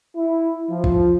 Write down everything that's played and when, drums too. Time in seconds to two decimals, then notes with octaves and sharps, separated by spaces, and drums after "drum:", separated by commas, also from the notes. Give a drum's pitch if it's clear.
0.16 E4
0.69 F3
0.84 drum: kick